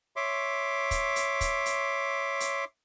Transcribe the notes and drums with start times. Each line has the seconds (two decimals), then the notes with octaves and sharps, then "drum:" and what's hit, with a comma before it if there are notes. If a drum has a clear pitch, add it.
0.16 C#5 E5 C6 D6
0.91 drum: kick, hi-hat
1.16 drum: hi-hat
1.41 drum: kick, hi-hat
1.66 drum: hi-hat
2.40 drum: hi-hat